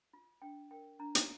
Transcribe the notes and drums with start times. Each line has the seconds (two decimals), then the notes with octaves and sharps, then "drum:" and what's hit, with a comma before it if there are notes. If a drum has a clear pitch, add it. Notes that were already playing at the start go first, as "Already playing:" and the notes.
0.13 F4
0.42 D4 G5
0.71 A#4 G5
0.99 D4 A#5
1.15 drum: hi-hat